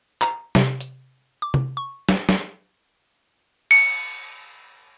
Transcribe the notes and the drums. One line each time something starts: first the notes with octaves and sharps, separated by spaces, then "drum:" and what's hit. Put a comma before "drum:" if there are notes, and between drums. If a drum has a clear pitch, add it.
A#5, drum: clap
C3, drum: snare
drum: hi-hat
D6
drum: tom C3
C#6
drum: snare
drum: snare
C#7, drum: cymbal